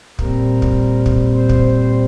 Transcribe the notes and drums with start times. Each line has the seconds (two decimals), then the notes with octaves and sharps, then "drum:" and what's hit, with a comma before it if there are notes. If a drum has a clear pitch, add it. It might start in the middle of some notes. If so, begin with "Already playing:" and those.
0.19 A#2 G3 C4 A#4, drum: kick
0.62 drum: kick
1.06 drum: kick
1.35 C5
1.49 drum: kick
1.64 C5